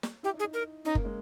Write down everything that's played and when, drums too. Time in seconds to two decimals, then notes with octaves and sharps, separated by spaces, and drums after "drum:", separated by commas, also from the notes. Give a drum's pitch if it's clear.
0.03 drum: snare
0.23 E4 G4
0.34 D#4
0.40 G#4
0.44 D#4
0.54 A#4
0.85 C#4 D#4
0.95 A#3, drum: kick
1.05 G#3